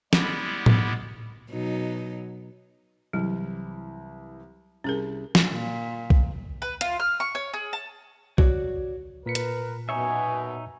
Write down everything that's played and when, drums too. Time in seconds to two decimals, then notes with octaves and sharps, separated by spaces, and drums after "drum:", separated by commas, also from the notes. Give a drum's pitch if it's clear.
0.13 G3 G#3 B3 E4 G4, drum: snare
0.66 drum: tom A2
1.50 B2 F#3 D#4
3.13 C2 E3 F#3
4.84 C2 C#4 G#4 A#4
5.35 drum: snare
5.51 A#2
6.10 drum: kick
6.62 B4
6.81 F4, drum: hi-hat
7.00 F6
7.20 C#6
7.35 C#5
7.54 G#4
7.73 A5
8.38 F#4 C#5 D5, drum: kick
9.26 A#2 A#4 B4 B6 C#7
9.35 drum: hi-hat
9.89 F#2 B2 D#4 C#5 E5 G#5